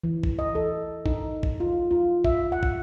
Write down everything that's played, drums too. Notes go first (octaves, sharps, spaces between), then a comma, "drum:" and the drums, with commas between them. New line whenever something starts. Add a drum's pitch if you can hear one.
E3
drum: kick
D#5
A4
D#4, drum: kick
drum: kick
F4
F4
E5, drum: kick
F#5
drum: kick